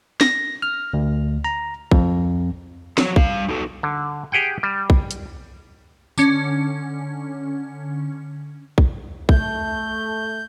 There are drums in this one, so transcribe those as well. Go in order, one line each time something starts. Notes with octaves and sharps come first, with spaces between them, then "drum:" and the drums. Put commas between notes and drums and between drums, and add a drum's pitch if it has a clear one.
A#6, drum: snare
F6
D2
A#5
F2, drum: kick
F3 F#3 C#5, drum: snare
G3 F5, drum: kick
D#4 F#4 A4
D3
G4 G#4 F#5 G5
G3
drum: kick
drum: hi-hat
D3 C#4, drum: tambourine
drum: kick
A3 G6, drum: kick